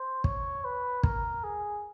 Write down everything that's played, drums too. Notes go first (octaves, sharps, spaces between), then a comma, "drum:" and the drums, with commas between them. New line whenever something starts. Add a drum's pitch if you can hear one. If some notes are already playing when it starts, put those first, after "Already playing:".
Already playing: C5
C#5, drum: kick
B4
A#4, drum: kick
G#4